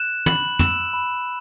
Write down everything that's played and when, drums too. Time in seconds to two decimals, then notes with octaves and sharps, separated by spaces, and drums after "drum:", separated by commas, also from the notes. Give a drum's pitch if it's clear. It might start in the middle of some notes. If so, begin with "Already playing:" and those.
Already playing: F#6 E7
0.26 B5 F#7, drum: tom
0.59 E6 E7, drum: tom
0.93 B5